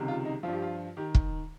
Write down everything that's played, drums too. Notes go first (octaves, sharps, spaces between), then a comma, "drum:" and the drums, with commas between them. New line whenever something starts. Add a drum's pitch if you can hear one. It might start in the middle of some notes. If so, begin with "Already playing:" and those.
Already playing: C#2 C3 D#3 G3
F4
D#4
G2 F3 F4
G4
F4
D#3 G4
drum: kick